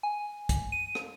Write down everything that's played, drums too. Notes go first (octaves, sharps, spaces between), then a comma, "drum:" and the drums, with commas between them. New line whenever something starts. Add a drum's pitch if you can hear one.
G#5
drum: kick, hi-hat
D#7
drum: rim click